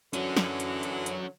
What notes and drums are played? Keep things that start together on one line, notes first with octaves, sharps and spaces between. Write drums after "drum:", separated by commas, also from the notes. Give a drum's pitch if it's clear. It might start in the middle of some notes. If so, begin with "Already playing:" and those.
D3 E3 F#3 C#4 F#4, drum: hi-hat
drum: snare
drum: hi-hat
drum: hi-hat
drum: hi-hat